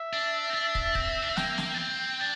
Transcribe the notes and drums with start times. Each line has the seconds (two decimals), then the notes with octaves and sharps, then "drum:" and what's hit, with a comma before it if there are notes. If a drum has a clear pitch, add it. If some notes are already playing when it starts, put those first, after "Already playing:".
Already playing: E5
0.13 D4
0.50 C4
0.54 D4
0.75 drum: kick
0.95 C4, drum: kick
1.22 D4
1.29 C4
1.37 A#3 G5, drum: snare
1.58 drum: snare
1.74 D4
1.78 C4
2.20 D4